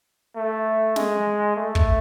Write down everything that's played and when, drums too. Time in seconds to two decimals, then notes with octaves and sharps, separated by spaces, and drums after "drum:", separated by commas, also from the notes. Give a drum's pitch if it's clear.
0.36 A3
0.96 G#3, drum: snare
1.57 A3
1.75 drum: kick